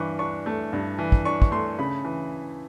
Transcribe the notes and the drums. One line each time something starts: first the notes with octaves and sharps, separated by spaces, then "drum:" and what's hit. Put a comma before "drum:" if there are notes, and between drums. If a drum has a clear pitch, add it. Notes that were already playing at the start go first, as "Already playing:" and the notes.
Already playing: G2 E3 C#6 D6
D4 C#6
A3
G2
E3
drum: kick
D4 C#6
C#6, drum: kick
A3 C6
C#3 B5
E3